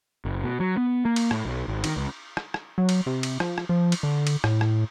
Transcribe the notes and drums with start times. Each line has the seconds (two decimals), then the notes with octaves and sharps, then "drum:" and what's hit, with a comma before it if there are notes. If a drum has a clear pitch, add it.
0.25 F#1
0.43 B2
0.60 F#3
0.77 B3
1.05 A#3
1.16 drum: cymbal
1.31 A2, drum: rim click
1.45 B1
1.68 G#1
1.84 D#3, drum: cymbal
1.97 C#2
2.37 drum: rim click
2.54 drum: rim click
2.78 F#3
2.89 drum: cymbal
3.06 C3
3.23 drum: cymbal
3.40 F3, drum: rim click
3.58 drum: rim click
3.69 F3
3.92 drum: cymbal
4.03 D3
4.27 drum: cymbal
4.44 A2, drum: rim click
4.61 drum: rim click